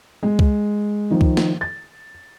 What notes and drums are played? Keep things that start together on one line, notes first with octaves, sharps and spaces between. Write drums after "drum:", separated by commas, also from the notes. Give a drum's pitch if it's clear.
G#3
drum: kick C#2
D#3 F3
drum: kick C#2
drum: snare
A6